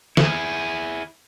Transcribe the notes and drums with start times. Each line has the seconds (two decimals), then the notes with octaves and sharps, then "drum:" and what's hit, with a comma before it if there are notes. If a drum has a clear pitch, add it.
0.17 E4 G#4, drum: snare